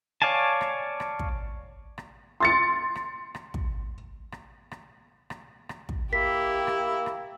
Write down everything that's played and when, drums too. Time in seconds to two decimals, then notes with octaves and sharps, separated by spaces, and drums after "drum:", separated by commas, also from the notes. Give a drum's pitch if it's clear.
0.22 C#5 D5 F5 G#5 A5
0.61 drum: rim click
1.00 drum: rim click
1.19 drum: kick
1.98 drum: rim click
2.40 C6 A6 C#7
2.95 drum: rim click
3.35 drum: rim click
3.54 drum: kick
4.32 drum: rim click
4.71 drum: rim click
5.30 drum: rim click
5.69 drum: rim click
5.89 drum: kick
6.13 A#3 E4 G4 B6
6.67 drum: rim click
7.06 drum: rim click